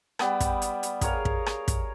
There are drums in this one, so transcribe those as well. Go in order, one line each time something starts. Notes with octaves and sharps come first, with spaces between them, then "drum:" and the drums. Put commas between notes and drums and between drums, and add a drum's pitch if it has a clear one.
G3 B3 G5, drum: rim click
drum: kick, hi-hat
drum: hi-hat
drum: hi-hat
G#4 A#4 C#5 F5, drum: kick, hi-hat
drum: kick
drum: rim click
drum: kick, hi-hat